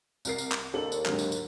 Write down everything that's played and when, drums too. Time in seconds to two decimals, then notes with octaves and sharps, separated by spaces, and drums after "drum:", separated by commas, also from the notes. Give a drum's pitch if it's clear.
0.25 C2 A#4 C7, drum: tambourine
0.38 drum: tambourine
0.52 drum: clap
0.73 D#2 D4 A4 F#7
0.92 drum: tambourine
1.06 G#2 D3 F#3, drum: clap
1.19 drum: tambourine
1.32 drum: tambourine